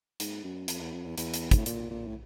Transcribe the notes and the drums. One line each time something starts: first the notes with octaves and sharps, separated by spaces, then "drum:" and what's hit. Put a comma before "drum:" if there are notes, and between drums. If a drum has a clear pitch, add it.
G#2, drum: hi-hat
F#2
F2, drum: hi-hat
E2
F2
E2
E2, drum: hi-hat
drum: hi-hat
G#2, drum: kick, hi-hat
A2
A#2, drum: hi-hat
A#2
A2